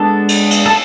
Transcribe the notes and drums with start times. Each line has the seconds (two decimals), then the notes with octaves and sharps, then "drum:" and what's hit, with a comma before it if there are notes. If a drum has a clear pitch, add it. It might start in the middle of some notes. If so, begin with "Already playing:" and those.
Already playing: G#3 B3 D4 A4
0.29 drum: cymbal
0.51 drum: cymbal
0.66 A4